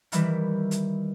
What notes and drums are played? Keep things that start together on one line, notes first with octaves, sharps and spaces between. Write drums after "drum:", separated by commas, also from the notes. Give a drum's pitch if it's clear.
D#3 E3 G3 E4, drum: hi-hat
drum: hi-hat